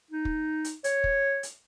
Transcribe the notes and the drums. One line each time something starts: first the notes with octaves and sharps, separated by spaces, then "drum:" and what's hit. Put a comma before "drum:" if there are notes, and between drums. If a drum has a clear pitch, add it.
D#4
drum: kick
drum: hi-hat
C#5, drum: hi-hat
drum: kick
drum: hi-hat